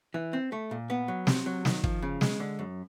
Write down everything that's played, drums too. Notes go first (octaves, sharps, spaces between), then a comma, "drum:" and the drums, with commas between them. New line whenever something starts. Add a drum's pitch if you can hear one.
E3
C4
A3
A#2
B3
F#3
C3, drum: snare
F#3
D#3, drum: snare
F3, drum: kick
C#3
G#3, drum: snare
D3
F#2